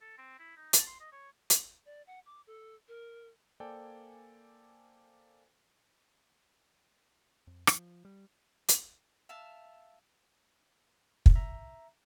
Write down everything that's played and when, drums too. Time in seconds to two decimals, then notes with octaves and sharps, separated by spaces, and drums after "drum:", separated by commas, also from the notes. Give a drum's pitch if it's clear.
0.01 A4
0.18 C4
0.39 E4
0.57 D#4
0.73 A5, drum: hi-hat
0.87 C6
1.00 D#5
1.12 C#5
1.50 drum: hi-hat
1.86 D5
2.07 F#5
2.26 D6
2.47 A4
2.88 A#4
3.60 A#3 A4 C5 D5 G5 G#5
7.47 F2
7.67 F3, drum: rim click
8.05 G3
8.68 drum: hi-hat
9.29 E5 F5 A5
11.26 drum: kick
11.35 E5 A#5